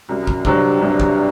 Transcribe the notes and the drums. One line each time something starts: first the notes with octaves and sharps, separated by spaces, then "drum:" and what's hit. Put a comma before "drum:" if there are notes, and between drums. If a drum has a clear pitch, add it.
C2 F#2
drum: kick
G2 C3 F#3 C4, drum: kick
C2 G2
drum: kick